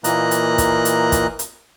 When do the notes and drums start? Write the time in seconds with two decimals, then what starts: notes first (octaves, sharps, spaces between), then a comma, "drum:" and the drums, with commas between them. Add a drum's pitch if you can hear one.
0.04 A#2 E3 A#3 D#5 A#5 F#6, drum: hi-hat
0.31 drum: hi-hat
0.58 drum: kick, hi-hat
0.85 drum: hi-hat
1.12 drum: kick, hi-hat
1.39 drum: hi-hat